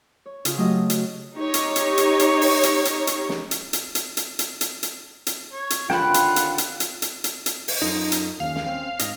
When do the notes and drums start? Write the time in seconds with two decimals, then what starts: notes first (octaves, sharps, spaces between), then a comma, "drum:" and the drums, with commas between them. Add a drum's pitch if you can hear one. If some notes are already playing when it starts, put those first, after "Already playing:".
0.26 C#5
0.45 C#3 F4, drum: hi-hat
0.57 F#3 A3 G4 D#5
0.73 F4
0.90 F#4, drum: hi-hat
1.36 D#4 G4 C#5
1.54 drum: hi-hat
1.76 drum: hi-hat
1.98 drum: hi-hat
2.19 drum: hi-hat
2.41 drum: open hi-hat
2.63 drum: hi-hat
2.85 drum: hi-hat
3.07 drum: hi-hat
3.29 drum: snare
3.51 drum: hi-hat
3.73 drum: hi-hat
3.95 drum: hi-hat
4.17 drum: hi-hat
4.39 drum: hi-hat
4.61 drum: hi-hat
4.83 drum: hi-hat
5.27 drum: hi-hat
5.53 C#5
5.70 drum: hi-hat
5.90 D#2 D3 F4 F#5 G5 A5 B5, drum: snare
6.14 drum: hi-hat
6.36 drum: hi-hat
6.58 drum: hi-hat
6.80 drum: hi-hat
7.02 drum: hi-hat
7.24 drum: hi-hat
7.46 drum: hi-hat
7.68 drum: open hi-hat
7.82 F#2 D#4 F4 A4
8.12 drum: hi-hat
8.40 D#2 C#4 F5
8.56 drum: snare
8.66 C4 C#4 F5
8.99 G#2 D#5, drum: hi-hat